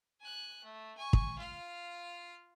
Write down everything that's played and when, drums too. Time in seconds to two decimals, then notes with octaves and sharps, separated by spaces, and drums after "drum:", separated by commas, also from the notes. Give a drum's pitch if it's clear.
0.21 G#5 F#6
0.64 A3
0.97 G#5 C#6
1.13 drum: kick
1.38 F4 F5